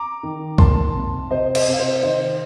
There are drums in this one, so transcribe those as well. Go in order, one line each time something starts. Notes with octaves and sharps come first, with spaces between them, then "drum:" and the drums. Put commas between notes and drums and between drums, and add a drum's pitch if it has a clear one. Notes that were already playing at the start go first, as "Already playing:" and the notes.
Already playing: A#5 D6
D#3
A#3 A5 C6, drum: kick
C3
C3 C5 D#5
C5 D#5, drum: cymbal
C3
F5
C5 D#5
D#3 C5 D#5